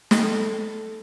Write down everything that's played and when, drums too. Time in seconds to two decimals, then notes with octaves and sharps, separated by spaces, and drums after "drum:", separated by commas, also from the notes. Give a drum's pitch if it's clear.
0.11 A4, drum: snare